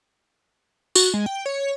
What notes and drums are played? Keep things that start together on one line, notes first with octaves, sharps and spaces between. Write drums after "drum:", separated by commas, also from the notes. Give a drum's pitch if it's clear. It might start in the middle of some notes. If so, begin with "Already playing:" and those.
F#4, drum: tambourine
G#3
G5
C#5